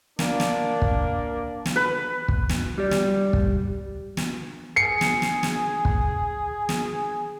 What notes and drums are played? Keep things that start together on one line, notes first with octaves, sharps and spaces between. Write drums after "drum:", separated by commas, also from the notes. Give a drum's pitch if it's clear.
A#3 D4, drum: snare
drum: snare
drum: kick
drum: snare
B4
drum: kick
drum: snare
G3 G4 D5
drum: snare
drum: kick
drum: snare
G#4 C7 C#7
drum: snare
drum: snare
drum: snare
drum: kick
drum: snare